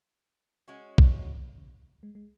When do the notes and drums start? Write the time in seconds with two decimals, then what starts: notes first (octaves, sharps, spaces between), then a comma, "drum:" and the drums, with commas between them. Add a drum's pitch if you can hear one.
0.68 G#3 C#4 F#4
0.98 drum: kick
1.58 C#3
2.03 G#3
2.15 G#3